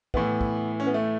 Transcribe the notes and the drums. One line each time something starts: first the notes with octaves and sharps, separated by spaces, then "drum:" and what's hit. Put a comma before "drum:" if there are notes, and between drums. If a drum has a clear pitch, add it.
A2 E3 B3, drum: kick
drum: kick
C#4
B3
A3